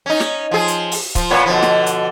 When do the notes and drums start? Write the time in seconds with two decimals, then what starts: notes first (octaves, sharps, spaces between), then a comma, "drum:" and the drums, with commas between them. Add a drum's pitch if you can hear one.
0.06 C#4 D#4
0.20 drum: snare
0.51 F3 G#4
0.68 drum: hi-hat
0.91 drum: open hi-hat
1.15 F3, drum: kick C#1, hi-hat
1.31 A#2 B3 C#5
1.46 B2 D3 F3
1.63 drum: snare
1.86 drum: hi-hat